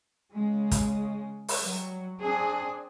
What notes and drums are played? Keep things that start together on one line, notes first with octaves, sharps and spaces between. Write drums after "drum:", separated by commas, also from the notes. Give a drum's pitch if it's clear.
C#3 G#3
drum: kick, hi-hat
drum: open hi-hat
F#3 G3
C4 D4 G#4